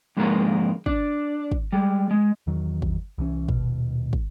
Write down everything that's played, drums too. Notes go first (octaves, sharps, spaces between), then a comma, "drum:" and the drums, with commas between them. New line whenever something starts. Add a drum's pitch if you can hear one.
F2 G#2 D3 G#3 A#3 A#4
D4, drum: kick
drum: kick
G3 G#3
G#3
E2 D#3 F#3
drum: kick
C2 E3 C#4
D#1 B2, drum: kick
drum: kick